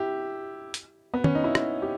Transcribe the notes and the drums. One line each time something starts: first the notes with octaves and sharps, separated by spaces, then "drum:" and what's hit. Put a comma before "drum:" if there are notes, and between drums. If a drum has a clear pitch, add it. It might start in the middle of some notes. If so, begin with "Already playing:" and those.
Already playing: E4 G4
drum: hi-hat
B3
C#4, drum: tom D#3
D#4
E4
drum: rim click
G4